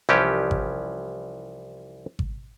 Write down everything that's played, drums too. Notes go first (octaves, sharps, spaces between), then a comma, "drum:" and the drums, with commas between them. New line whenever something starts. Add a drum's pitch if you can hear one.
C2 E3 F3 C#4 G4
drum: kick G#1
drum: kick G#1